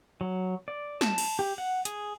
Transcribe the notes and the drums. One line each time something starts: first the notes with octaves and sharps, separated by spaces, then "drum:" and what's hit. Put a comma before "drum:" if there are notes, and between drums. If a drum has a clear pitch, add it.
F#3
D5
A5, drum: snare
drum: cymbal
G4
F#5
G#4, drum: hi-hat